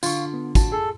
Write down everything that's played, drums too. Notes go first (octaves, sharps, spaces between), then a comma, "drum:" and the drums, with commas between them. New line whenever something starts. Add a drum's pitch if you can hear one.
D3 F4 F5 C#6, drum: tambourine
B3
F#4 A5, drum: kick, tambourine
G#4 A4